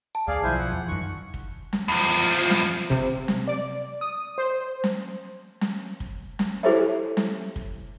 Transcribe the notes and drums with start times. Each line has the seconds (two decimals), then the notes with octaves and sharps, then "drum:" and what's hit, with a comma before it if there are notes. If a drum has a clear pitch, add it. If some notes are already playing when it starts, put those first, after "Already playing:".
0.15 A5
0.28 D2 G#4 D5 F5
0.43 B1 F3 E4 C5 G#5
0.58 F#5
0.72 E2
0.88 F#2 D#3 C#6
1.34 drum: kick
1.73 drum: snare
1.88 E2 F3
2.50 drum: snare
2.90 C3, drum: kick
3.28 drum: snare
3.48 D5
4.01 D#6
4.38 C5
4.84 drum: snare
5.61 drum: snare
6.00 drum: kick
6.39 drum: snare
6.63 E4 G4 A4 C5 C#5 E5
7.17 drum: snare
7.56 drum: kick